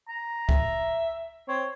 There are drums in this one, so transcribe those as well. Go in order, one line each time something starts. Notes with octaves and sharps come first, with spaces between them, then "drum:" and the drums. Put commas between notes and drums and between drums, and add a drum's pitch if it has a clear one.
A#5
E5, drum: kick C#2
C4 C#5